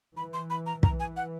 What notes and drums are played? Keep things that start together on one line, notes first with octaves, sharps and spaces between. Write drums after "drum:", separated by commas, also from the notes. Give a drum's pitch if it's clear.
E3 B5
C6
B5
A#5
E3 A#5, drum: kick
G#5
F#5